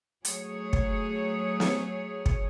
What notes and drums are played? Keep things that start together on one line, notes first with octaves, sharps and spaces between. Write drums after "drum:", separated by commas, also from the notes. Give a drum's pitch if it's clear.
F#3 A3 G#4 C#5, drum: hi-hat
drum: kick
drum: snare
drum: kick